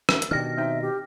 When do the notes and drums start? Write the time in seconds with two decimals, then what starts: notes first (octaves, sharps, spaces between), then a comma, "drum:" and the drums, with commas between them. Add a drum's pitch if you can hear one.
0.09 E5, drum: rim click
0.22 drum: hi-hat
0.31 B2 D#3 D4 G4 F6 A#6
0.57 C4 D#4 E5 G5
0.82 G4